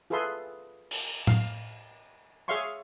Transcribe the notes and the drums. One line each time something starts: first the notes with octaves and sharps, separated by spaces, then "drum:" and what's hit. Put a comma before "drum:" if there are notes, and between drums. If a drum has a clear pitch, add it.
F4 G#4 A4 B4 E5 C6
drum: cymbal
F5, drum: tom A2
G#4 C#5 E5 F5 C6 C#6